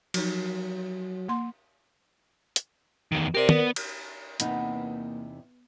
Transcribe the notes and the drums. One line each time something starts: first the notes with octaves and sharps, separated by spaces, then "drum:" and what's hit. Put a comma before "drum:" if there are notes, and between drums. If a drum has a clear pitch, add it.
F3 F#3 D#4, drum: cymbal
A#3 C6
drum: hi-hat
E2 D#3
G4 A#4 C5 D5
B3, drum: tom
drum: cymbal
E2 C3 A#3 B3 D#4, drum: hi-hat